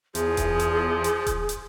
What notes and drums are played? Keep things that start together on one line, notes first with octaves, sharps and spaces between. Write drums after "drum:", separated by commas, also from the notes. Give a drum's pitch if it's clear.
E2 F3 G#4, drum: hi-hat
drum: kick D#1, hi-hat
drum: hi-hat
drum: hi-hat
drum: kick D#1, hi-hat
drum: hi-hat